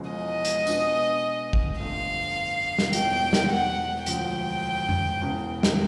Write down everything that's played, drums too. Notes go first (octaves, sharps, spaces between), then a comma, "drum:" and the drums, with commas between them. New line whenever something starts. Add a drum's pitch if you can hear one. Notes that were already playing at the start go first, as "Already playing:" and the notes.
Already playing: E1 E2 C#3 F3 G#3
D#5
drum: hi-hat
B2 G#3 B3 D4, drum: tambourine
drum: kick
G1 F2 D3 F3 A3 F5
drum: snare
E1 E2 B2 G5, drum: hi-hat
drum: snare
F#5
E1 D2 C#3 F3 G5, drum: hi-hat
drum: tom F#2
E1 E2 C#3
drum: snare